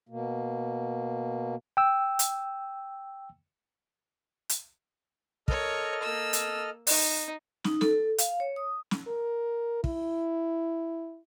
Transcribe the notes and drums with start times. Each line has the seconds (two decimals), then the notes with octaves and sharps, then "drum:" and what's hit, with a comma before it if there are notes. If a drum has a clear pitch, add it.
0.09 B2 A#3
1.77 G5 E6
2.19 drum: hi-hat
4.49 drum: hi-hat
5.48 A4 A#4 C#5 D#5 F6, drum: kick
6.02 A#3 E6
6.33 drum: hi-hat
6.87 D#4, drum: open hi-hat
7.64 D#4, drum: snare
7.81 A4, drum: snare
8.18 F5, drum: hi-hat
8.40 C#5
8.56 D#6
8.91 drum: snare
9.07 A#4
9.84 E4, drum: kick